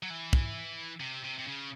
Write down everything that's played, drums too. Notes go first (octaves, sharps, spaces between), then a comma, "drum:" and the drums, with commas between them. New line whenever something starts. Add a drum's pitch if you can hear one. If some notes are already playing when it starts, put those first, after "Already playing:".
F#3
E3
drum: kick
C3
C3
C3
C#3